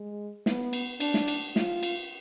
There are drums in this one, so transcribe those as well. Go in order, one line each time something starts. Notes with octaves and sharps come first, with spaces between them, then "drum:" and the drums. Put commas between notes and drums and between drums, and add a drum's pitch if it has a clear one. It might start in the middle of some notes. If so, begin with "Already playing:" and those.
Already playing: G#3
B3, drum: snare
drum: cymbal
D4, drum: cymbal
drum: snare
drum: cymbal
F4, drum: snare
drum: cymbal